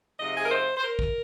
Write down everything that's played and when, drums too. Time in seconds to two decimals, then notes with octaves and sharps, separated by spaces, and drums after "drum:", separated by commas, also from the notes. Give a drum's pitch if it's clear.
0.18 C3 F3 G#3 D#4 D#5
0.36 G#4
0.43 A#4
0.51 C5
0.77 C5
0.83 A#4
0.99 drum: kick